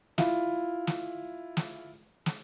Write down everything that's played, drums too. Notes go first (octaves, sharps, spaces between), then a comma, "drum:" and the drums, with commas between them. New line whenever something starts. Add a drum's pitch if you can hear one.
E4 F4, drum: snare
drum: snare
drum: snare
drum: snare